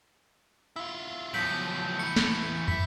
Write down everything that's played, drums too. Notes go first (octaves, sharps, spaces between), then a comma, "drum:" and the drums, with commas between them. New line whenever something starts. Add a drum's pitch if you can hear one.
E4 F4 E6
E2 A2 F3 F#3 G6 B6 F#7
E3 A3 C#7
drum: snare
E3 E4 B6, drum: tom